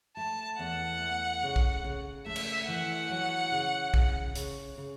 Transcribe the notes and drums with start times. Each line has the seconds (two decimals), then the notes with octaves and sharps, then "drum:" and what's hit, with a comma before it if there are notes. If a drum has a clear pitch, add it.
0.17 A3 A5
0.59 E2 F#5
1.01 A3
1.43 C#3
1.56 drum: kick
1.84 C#3
2.26 A3 E5
2.36 drum: cymbal
2.68 E3 F#5
3.10 F#3
3.52 C#3
3.94 C#3, drum: kick
4.35 C#3, drum: hi-hat
4.78 C#3